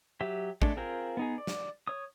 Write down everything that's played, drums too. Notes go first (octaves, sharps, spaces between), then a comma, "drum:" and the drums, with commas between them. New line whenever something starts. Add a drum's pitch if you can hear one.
F#3 G4 E5
G#3 A3 D4 A4, drum: kick A1
C4 F4 G#4 A#4 G5
B3 D#4 G#4
D5
drum: snare
C#5 D#6